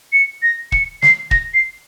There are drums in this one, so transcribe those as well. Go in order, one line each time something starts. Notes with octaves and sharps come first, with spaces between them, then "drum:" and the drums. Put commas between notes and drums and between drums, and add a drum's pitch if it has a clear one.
C#7
A#6
C#7, drum: kick
C7, drum: snare
A#6, drum: kick
C7